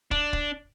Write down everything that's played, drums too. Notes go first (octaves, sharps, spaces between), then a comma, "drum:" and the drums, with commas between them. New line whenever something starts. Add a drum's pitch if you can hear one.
D4, drum: kick
drum: kick